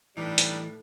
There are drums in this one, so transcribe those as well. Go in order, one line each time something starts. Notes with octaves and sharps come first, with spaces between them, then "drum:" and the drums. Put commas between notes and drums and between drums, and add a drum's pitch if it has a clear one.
A2 E3 G3 D4 D#4 A4 B4
drum: hi-hat